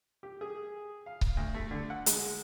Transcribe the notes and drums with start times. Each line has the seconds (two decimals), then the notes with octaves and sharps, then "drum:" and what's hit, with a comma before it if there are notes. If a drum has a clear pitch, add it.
0.23 G4
0.41 G#4
1.06 F5
1.21 drum: kick C#1
1.37 D2
1.54 A3
1.71 D3
1.90 F#5
2.06 G#3, drum: hi-hat